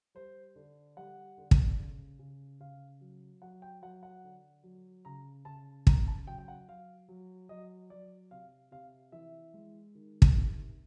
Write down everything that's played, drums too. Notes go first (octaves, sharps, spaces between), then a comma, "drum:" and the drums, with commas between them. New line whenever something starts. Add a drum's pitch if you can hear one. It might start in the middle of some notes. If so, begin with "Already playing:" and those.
G3 C5
D3
G3 F#5
D3
drum: kick
C#3
C#3
C#3 F5
F#3
F#3 F#5
G5
F#3 F#5
F#5
D3
F#3
C#3 A#5
C#3 A5
C#3 A#5, drum: kick
A5
F#3 G5
G5
F#5
F#3 F5
F#3
F#3 D#5
F#3 D5
C3 F5
C3 F5
E3 E5
G#3
D#3
drum: kick
C3